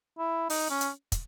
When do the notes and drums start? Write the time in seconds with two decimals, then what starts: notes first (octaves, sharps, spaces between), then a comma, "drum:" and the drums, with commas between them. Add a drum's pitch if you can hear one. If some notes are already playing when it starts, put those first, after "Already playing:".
0.19 E4
0.50 D#4, drum: open hi-hat
0.70 C#4
0.81 drum: hi-hat
1.12 drum: kick, hi-hat